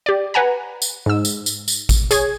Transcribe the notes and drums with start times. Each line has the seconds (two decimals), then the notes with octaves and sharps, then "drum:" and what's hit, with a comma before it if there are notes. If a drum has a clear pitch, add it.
0.06 G4 D5
0.34 B4 F#5 G#5 A#5
0.82 drum: tambourine
1.06 G#2 E6
1.25 drum: tambourine
1.46 drum: tambourine
1.68 drum: tambourine
1.89 drum: kick A1, tambourine
2.11 G#4 C#5 G#6, drum: tambourine